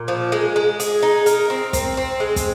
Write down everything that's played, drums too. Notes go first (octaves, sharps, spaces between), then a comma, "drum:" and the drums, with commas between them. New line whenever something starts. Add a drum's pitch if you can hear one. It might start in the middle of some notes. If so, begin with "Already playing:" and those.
Already playing: A#2
F3
G#3
G#3
G#4, drum: hi-hat
D#4
A#4, drum: hi-hat
C4
C4, drum: kick, hi-hat
C4
G#3
drum: kick, hi-hat